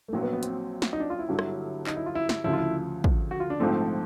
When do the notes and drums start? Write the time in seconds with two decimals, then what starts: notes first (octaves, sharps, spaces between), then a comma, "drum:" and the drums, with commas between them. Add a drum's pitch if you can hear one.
0.08 A3
0.13 A#1 A#2 F#3 A#3
0.22 B3
0.33 B3
0.43 C4, drum: hi-hat
0.82 drum: snare
0.93 D#4
1.00 D4
1.10 F4
1.19 E4
1.28 G1 G2 D3 F#3
1.39 drum: rim click
1.87 D#4, drum: clap
1.96 E4
2.06 F4
2.15 E4
2.29 E4, drum: snare
2.44 D2 C#3 F3 E4
2.53 F4
2.58 E4
3.04 drum: kick
3.31 F#4
3.40 F4
3.50 D4
3.60 A#1 G#2 F3 A3 C4